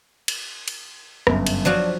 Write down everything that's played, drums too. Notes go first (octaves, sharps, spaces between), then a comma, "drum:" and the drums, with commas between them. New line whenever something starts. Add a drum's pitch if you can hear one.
drum: cymbal
drum: cymbal
G1 F#2, drum: rim click
drum: cymbal
F3 F#3 D4 F#4